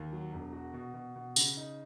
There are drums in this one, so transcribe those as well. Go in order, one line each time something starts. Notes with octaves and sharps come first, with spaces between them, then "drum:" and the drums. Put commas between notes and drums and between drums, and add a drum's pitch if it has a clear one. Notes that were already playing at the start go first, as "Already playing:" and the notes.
Already playing: D#2
F#3
E1
F#4
B2
B2
B2
C#3, drum: tambourine
D#4